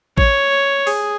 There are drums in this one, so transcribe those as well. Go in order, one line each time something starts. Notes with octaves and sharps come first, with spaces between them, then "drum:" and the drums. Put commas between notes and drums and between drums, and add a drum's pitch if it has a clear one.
C#5, drum: kick A1
G#4, drum: open hi-hat